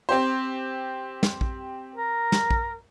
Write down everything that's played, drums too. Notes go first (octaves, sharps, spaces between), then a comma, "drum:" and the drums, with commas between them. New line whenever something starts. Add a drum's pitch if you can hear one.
C4 G4 C5
drum: snare
drum: kick
A#4
drum: snare
drum: kick